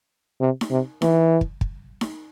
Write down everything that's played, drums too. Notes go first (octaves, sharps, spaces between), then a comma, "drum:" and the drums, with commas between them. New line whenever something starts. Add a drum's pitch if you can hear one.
C3
drum: snare D#4
C3
E3, drum: snare D#4
drum: kick
drum: kick
drum: snare D#4